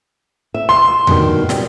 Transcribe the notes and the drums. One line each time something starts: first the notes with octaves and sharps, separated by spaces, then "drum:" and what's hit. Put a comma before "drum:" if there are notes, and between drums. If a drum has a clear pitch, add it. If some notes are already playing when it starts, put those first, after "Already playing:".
E5
C6
G2 B2 D#3, drum: tom E2
F2 G3, drum: snare